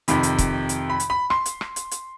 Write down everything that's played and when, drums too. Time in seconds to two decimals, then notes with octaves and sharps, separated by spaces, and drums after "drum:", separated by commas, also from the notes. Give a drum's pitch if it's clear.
0.08 F2 C3 D#3 B5, drum: hi-hat
0.23 drum: hi-hat
0.38 drum: kick, hi-hat
0.69 drum: hi-hat
0.90 B5
1.00 drum: hi-hat
1.10 B5
1.30 C6, drum: rim click
1.46 drum: hi-hat
1.61 drum: rim click
1.76 drum: hi-hat
1.91 drum: hi-hat